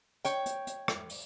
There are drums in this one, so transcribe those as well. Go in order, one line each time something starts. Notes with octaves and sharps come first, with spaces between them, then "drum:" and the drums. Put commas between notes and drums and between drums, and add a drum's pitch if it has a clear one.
C#5 G5, drum: hi-hat
drum: hi-hat
drum: hi-hat
drum: rim click
drum: open hi-hat